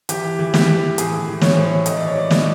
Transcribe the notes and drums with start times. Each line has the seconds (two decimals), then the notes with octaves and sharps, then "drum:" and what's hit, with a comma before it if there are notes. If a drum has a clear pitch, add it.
0.09 E3 G4, drum: hi-hat
0.39 E3
0.54 G4, drum: snare
0.68 E3
0.98 A2 G#4, drum: hi-hat
1.27 E3
1.41 C#5, drum: snare
1.54 A2 C5
1.66 C#5
1.86 A2 D#5, drum: hi-hat
1.97 D5
2.07 C#5
2.15 E3 D5
2.31 D#5, drum: snare